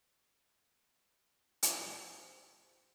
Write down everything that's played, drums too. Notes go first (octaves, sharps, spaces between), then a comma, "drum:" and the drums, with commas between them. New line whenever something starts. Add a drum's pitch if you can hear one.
G4 C5, drum: hi-hat